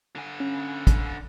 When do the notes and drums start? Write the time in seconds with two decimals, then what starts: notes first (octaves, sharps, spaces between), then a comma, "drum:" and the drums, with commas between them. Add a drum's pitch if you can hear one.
0.16 D3 G#5
0.40 C#4
0.87 drum: kick, hi-hat